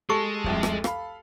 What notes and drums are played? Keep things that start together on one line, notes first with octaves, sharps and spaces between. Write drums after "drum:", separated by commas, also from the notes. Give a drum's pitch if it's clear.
G#3 G4 A4 A5 C#6
F1 C2 F2, drum: kick
drum: rim click
F5 B5, drum: rim click